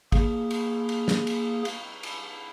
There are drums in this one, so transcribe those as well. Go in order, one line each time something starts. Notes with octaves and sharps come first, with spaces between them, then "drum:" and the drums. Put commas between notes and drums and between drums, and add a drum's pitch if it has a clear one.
A#3 G#4, drum: kick, cymbal
drum: cymbal
drum: cymbal
drum: snare
drum: cymbal
drum: cymbal
drum: cymbal